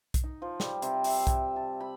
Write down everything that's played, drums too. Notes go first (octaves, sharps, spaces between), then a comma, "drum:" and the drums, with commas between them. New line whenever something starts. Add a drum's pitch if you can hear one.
drum: kick B1, hi-hat
D#4
F3
G3, drum: snare
C3, drum: hi-hat
E5, drum: open hi-hat
drum: kick B1, hi-hat
A5
B5